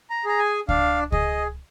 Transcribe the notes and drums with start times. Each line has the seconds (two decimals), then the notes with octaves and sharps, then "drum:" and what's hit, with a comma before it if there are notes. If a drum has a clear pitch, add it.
0.10 A#5
0.25 G#4 A#5
0.39 G#5
0.69 D4 F5, drum: kick C#2
1.12 G#4 D#5, drum: kick C#2